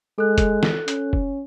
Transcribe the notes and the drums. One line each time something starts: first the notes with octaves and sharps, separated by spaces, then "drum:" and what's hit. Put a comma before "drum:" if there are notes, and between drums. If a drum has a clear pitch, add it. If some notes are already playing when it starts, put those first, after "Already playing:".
G#3 A4 F#6
drum: kick, hi-hat
drum: snare
C#4, drum: hi-hat
drum: kick